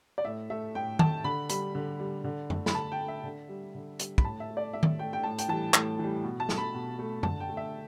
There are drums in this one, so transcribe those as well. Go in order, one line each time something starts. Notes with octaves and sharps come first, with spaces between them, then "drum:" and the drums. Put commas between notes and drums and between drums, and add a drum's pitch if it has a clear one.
D5
A2 E5
A3 E5
A2 G5
A3 A5, drum: tom D#3
D3 B5
G3 B5, drum: hi-hat
D3
G3
D3
A3, drum: tom F#2
B5, drum: snare
D3 A5
G5
A3
E5
D3
G3
D3
G3, drum: hi-hat
B5, drum: kick
A2 A5
E5
A3
D5
A2 E5
drum: tom D#3
A3 G5
G5
A2 A5
G5, drum: hi-hat
E3 G3 A5
A2, drum: clap
E3 G3
B2
A5
A3, drum: snare
B5
B2
A3
D3 A5, drum: tom F#2
G5
A3
E5